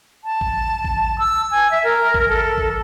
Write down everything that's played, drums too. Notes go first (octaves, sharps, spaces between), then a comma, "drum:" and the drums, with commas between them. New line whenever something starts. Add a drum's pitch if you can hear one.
A5
drum: kick A1
drum: kick A1
E6
G#5
E5
A#4
drum: kick A1
A4
drum: kick A1